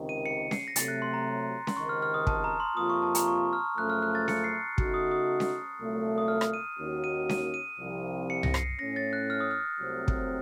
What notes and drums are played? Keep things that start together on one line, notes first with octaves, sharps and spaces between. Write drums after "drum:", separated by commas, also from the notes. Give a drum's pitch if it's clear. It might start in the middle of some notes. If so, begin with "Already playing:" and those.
Already playing: C#2 C3 D#3
D#7
C#7
C7, drum: snare C#4
A#6
C3 F#3 A3 A6, drum: hi-hat
F#6
C6
A#5
C6, drum: snare C#4
C#2 C3 D#3 C#6
F6
F6
D#6
A5, drum: kick
A#5
C6
F2 C3 F3 A#3 F4 D#6
C#6
A5
A#5, drum: hi-hat
C#6
F6
F#2 C#3 F3 A3 F#6
F6
F#6
A6
C#7, drum: snare C#4
C7
C#3 A3 D#4 F#4, drum: kick
D#6
D#6
drum: snare C#4
C2 A#2 F#3 A3
D#6
F6
drum: rim click
D#7
D#2 D#3 A#3 C#4 F#4
D#7
D#7, drum: snare C#4
D#7
C2 C3 F3
C#7
A#6, drum: tom C2
C7, drum: rim click
A2 A3 C#4 A#6
A6
F#6
F6
D#6
F6
C2 C3 F#3 A3 C4
drum: kick